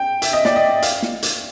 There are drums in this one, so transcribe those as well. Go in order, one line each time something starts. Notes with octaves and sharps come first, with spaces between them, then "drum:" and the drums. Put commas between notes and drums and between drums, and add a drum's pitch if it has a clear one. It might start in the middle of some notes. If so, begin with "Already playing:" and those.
Already playing: G5
E5, drum: hi-hat
D#5
D5, drum: snare
D#5
F5, drum: hi-hat
drum: snare
drum: hi-hat